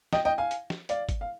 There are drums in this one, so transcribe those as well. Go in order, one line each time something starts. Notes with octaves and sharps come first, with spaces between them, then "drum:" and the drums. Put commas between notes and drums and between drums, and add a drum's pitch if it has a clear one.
D#5 G5, drum: snare
D#5 G5
F5 G#5
drum: hi-hat
drum: snare
D5 F5, drum: hi-hat
drum: kick, hi-hat
F5